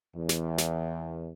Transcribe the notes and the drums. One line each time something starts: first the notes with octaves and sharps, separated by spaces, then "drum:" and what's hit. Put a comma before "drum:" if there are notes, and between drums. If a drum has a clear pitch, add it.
E2
drum: snare
drum: snare